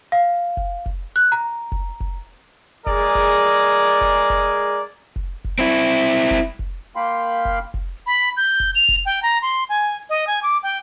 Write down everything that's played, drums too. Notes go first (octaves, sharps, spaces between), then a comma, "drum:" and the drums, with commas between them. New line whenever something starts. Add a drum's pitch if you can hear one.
F5
drum: kick F1
drum: kick F1
F#6
A#5
drum: kick F1
drum: kick F1
G#3 G#4 A#4 D5, drum: kick F1
drum: kick F1
drum: kick F1
drum: kick F1
drum: kick F1
drum: kick F1
C4 E4
drum: kick F1
drum: kick F1
A#3 F5 G5 B5 C6
drum: kick F1
drum: kick F1
B5
G6
drum: kick F1
F7
drum: kick F1
G5
A#5
C6
G#5
D#5
G#5
D6
G5